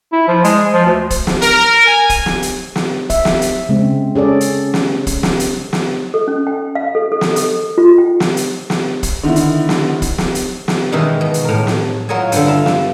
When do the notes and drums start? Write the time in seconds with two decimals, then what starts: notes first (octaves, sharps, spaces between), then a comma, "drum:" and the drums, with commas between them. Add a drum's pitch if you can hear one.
0.13 E4
0.28 F3
0.44 G#3, drum: hi-hat
0.73 F3
0.86 D2
1.10 drum: kick, hi-hat
1.27 drum: snare
1.42 A#4, drum: hi-hat
1.85 G#5
2.09 drum: kick, hi-hat
2.26 drum: snare
2.43 drum: hi-hat
2.76 drum: snare
3.10 E5, drum: kick, hi-hat
3.25 drum: snare
3.42 drum: hi-hat
3.69 C#3 G#3 C4
4.15 C#4 G#4 A4 D5
4.41 drum: hi-hat
4.74 drum: snare
5.07 drum: kick, hi-hat
5.23 drum: snare
5.40 drum: hi-hat
5.73 drum: snare
6.14 A4
6.28 C#4
6.47 G5
6.75 F5
6.95 A4
7.12 A4
7.21 drum: snare
7.36 A4, drum: hi-hat
7.78 F4
7.98 G5
8.20 drum: snare
8.37 drum: hi-hat
8.70 drum: snare
9.03 drum: kick, hi-hat
9.23 D3 D#3 B3 E4
9.36 drum: hi-hat
9.69 drum: snare
10.02 drum: kick, hi-hat
10.18 drum: snare
10.35 drum: hi-hat
10.68 drum: snare
10.92 B2 D#3 E3 G#3 D#4
11.21 B2
11.34 drum: hi-hat
11.45 A2 A#4
11.67 drum: snare
12.09 F#3 F4 A#4 C#5 D#5 G#5
12.32 G2 D3, drum: hi-hat
12.47 E4 F4 A5
12.66 drum: snare